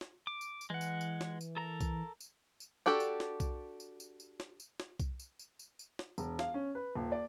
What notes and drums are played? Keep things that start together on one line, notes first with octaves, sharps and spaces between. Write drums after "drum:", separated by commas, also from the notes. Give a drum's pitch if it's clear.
drum: snare
D6
drum: tambourine
drum: tambourine
E3 G#3 F#5
drum: tambourine
drum: tambourine
drum: snare
drum: tambourine
A4 A#4 A#5
drum: kick B1, tambourine
drum: tambourine
drum: tambourine
D4 F#4 G4 A4
drum: tambourine
drum: snare
drum: kick B1, tambourine
drum: tambourine
drum: tambourine
drum: tambourine
drum: snare
drum: tambourine
drum: snare
drum: kick B1, tambourine
drum: tambourine
drum: tambourine
drum: tambourine
drum: tambourine
drum: snare
E1, drum: tambourine
F5, drum: snare
C#4
B4
D#1
D5